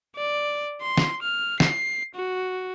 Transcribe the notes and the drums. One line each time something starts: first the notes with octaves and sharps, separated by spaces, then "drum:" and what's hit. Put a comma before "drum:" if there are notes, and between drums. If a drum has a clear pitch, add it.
D5
C6
drum: snare
F6
C7, drum: snare
F#4